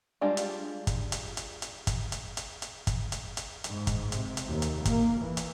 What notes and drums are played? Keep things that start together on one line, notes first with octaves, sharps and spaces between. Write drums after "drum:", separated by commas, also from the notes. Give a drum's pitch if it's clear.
G3 G#3 D4 F4
drum: hi-hat
drum: kick, hi-hat
drum: hi-hat
drum: hi-hat
drum: hi-hat
drum: kick, hi-hat
drum: hi-hat
drum: hi-hat
drum: hi-hat
drum: kick, hi-hat
drum: hi-hat
drum: hi-hat
G#2, drum: hi-hat
drum: kick, hi-hat
C3, drum: hi-hat
drum: hi-hat
D#2
drum: hi-hat
A#3, drum: kick, hi-hat
E3
drum: hi-hat